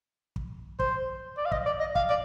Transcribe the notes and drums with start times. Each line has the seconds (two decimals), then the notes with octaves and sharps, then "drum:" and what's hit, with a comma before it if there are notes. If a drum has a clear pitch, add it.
0.36 drum: kick
0.79 C5, drum: kick
1.37 D5
1.46 F5
1.52 D#5, drum: kick
1.66 D5
1.80 D#5
1.95 F5, drum: kick
2.10 D5